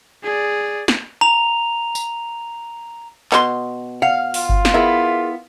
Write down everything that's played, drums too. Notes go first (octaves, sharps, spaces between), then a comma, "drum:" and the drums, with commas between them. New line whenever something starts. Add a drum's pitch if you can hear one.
G#4 D5
drum: snare
A#5 F7
drum: tambourine
B2 C6, drum: clap
F5 F#5
F4, drum: open hi-hat
drum: kick G1
drum: snare
B3 E4 G#4 A#4 E5